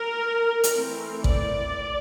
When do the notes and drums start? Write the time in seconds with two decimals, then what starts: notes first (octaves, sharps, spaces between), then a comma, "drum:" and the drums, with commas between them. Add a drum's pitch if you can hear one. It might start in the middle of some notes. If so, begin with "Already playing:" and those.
Already playing: A#4
0.64 drum: hi-hat
0.75 E3 A3 C4
1.24 D5, drum: kick A1